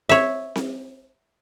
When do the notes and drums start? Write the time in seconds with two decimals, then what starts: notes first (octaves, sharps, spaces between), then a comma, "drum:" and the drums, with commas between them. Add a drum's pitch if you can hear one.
0.09 C#5 E5, drum: snare C4
0.56 drum: snare C4